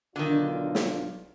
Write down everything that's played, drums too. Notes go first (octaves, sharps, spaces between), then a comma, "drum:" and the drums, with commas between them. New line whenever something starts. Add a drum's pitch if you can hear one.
B1 D3 D#3 D4 F4
drum: snare